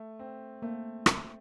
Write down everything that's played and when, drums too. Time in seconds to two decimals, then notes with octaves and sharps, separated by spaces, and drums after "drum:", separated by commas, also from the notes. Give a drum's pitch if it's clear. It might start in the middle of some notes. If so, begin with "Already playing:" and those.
Already playing: A3
0.19 C4
0.62 A3 A#3
1.06 drum: rim click